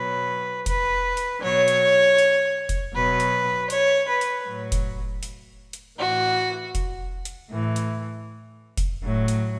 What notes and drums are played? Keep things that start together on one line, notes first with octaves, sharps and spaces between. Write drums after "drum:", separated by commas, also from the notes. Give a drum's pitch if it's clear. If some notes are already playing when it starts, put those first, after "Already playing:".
Already playing: B2 F#3 B4
B4, drum: kick F1, hi-hat
drum: hi-hat
B2 F#3 C#5
drum: hi-hat
drum: hi-hat
drum: kick F1, hi-hat
B2 F#3 B4
drum: hi-hat
C#5, drum: hi-hat
B4
drum: hi-hat
A2 F#3
drum: kick F1, hi-hat
drum: hi-hat
drum: hi-hat
A2 E3 F#4
drum: kick F1, hi-hat
drum: hi-hat
A2 E3
drum: hi-hat
drum: kick F1, hi-hat
A2 F#3
drum: hi-hat